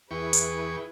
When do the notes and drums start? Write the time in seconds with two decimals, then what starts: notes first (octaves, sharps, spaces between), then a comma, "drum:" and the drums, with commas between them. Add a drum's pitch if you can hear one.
0.11 E2 E4 G#4 B4 G5 C#6
0.33 drum: hi-hat